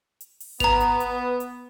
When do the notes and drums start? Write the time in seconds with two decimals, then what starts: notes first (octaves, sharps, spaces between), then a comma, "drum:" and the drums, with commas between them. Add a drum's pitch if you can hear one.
0.21 drum: hi-hat
0.40 drum: open hi-hat
0.60 B3 A#5 F7, drum: kick G#1, hi-hat
0.80 drum: hi-hat
1.00 drum: hi-hat
1.40 drum: hi-hat